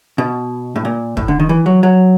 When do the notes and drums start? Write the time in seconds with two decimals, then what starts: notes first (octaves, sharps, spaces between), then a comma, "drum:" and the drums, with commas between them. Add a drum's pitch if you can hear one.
0.18 B2
0.76 A2
0.85 A#2
1.17 A2, drum: kick
1.28 D3
1.40 D#3
1.49 E3
1.66 F#3
1.83 F#3